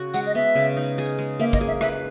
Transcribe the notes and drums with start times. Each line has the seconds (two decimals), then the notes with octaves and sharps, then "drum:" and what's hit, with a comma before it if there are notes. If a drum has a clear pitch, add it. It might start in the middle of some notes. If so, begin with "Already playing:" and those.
Already playing: C#3 F#4
0.14 G#3 F#5, drum: tambourine
0.26 D#5
0.35 B3 E5
0.55 C#3
0.77 D#4
0.98 G#4, drum: tambourine
1.18 G#3
1.39 A#3 E5
1.53 D#5, drum: kick, tambourine
1.61 G#4
1.67 E5
1.81 B4 E5, drum: rim click